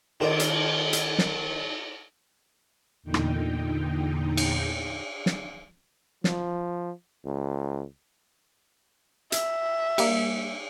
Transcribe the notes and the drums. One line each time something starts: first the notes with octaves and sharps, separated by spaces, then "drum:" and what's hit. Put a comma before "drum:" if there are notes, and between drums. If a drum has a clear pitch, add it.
D#3 F4 A#4 D5, drum: cymbal
drum: hi-hat
drum: hi-hat
drum: snare
E2 A#2 D3 D#4 G5
drum: rim click
drum: cymbal
drum: snare
F3, drum: snare
C#2
E5, drum: hi-hat
G3 A#3, drum: cymbal